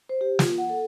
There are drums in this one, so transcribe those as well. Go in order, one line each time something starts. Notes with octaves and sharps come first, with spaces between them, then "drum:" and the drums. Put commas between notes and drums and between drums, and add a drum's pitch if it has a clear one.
C5
G4
F4, drum: snare
F#5
A4